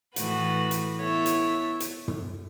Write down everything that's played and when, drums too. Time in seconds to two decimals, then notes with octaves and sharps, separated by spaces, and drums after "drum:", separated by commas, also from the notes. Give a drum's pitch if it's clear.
0.16 A2 E3 A3 F#4 B4, drum: hi-hat
0.71 drum: hi-hat
0.98 B3 E4 A4 C#5 E5
1.26 drum: hi-hat
1.80 drum: hi-hat
2.08 drum: tom